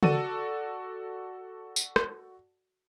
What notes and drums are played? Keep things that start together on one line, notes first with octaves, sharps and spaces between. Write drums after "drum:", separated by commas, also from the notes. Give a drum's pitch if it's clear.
F#4 A4 D5 A5 D#7, drum: tom C#3
drum: tambourine
drum: rim click